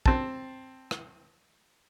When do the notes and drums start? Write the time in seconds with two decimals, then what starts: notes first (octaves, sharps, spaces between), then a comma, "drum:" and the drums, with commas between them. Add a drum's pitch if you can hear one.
0.06 C4 A5, drum: kick
0.91 drum: rim click